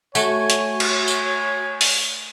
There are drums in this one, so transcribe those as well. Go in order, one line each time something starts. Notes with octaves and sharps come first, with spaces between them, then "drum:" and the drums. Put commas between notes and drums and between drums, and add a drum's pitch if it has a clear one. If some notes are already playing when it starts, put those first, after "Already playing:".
A3 F#4 C#5 G#5, drum: tambourine
drum: hi-hat
drum: cymbal
drum: tambourine
drum: open hi-hat